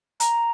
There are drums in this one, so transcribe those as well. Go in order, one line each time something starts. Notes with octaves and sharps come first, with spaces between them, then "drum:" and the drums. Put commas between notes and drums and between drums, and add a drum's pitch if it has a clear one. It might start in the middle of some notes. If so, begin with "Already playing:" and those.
A#5, drum: hi-hat